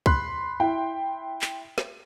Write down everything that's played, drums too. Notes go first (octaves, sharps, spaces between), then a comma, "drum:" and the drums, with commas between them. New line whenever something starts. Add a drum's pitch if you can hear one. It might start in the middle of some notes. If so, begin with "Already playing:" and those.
B5 C6 F#6, drum: kick
E4 G5
drum: clap
drum: snare